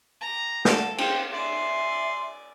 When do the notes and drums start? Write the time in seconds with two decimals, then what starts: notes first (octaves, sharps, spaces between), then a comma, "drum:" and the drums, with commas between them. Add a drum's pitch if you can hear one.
0.21 G4 A#5
0.65 A#3 A4 F#5, drum: snare
0.98 C5 F5 G5, drum: cymbal
1.33 D5 E5 G#5 C6